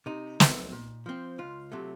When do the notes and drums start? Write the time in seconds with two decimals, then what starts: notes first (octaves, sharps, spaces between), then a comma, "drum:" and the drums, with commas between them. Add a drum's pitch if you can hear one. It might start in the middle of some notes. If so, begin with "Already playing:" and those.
0.06 C3 D#4
0.40 F#3 A3 C4, drum: snare
0.72 A#2
1.06 F3 C4
1.38 C#2 F4
1.72 C3 F#3 A3